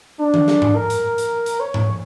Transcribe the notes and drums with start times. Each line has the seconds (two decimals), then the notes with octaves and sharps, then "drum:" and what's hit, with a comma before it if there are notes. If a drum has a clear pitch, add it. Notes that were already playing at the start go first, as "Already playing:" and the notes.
0.19 D4
0.34 drum: tom D#3
0.48 drum: snare
0.62 drum: tom G#2
0.75 A#4
0.90 drum: hi-hat
1.18 drum: hi-hat
1.46 drum: hi-hat
1.60 C#5
1.74 drum: tom G#2